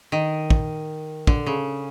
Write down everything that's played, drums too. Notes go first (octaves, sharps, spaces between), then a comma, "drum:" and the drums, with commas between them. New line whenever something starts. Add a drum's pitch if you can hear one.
D#3
drum: kick
D3, drum: kick
C#3